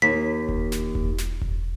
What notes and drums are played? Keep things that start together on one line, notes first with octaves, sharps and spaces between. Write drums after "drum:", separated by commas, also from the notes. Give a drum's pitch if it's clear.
D#2 B6
drum: kick E1
drum: snare
drum: kick E1
drum: snare
drum: kick E1